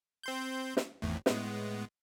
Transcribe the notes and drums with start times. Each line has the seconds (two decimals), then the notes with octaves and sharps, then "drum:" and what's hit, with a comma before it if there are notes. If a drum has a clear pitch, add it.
0.23 C4 C6 G6
0.77 drum: snare
1.02 G#1 E2 A2
1.26 A2 G#3 B3, drum: snare